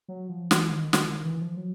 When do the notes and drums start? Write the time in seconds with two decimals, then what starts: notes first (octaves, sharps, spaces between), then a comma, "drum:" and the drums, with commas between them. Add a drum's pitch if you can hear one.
0.08 F#3
0.29 F3
0.51 E3, drum: snare
0.71 D#3
0.93 D#3, drum: snare
1.09 D#3
1.25 E3
1.41 F3
1.57 F#3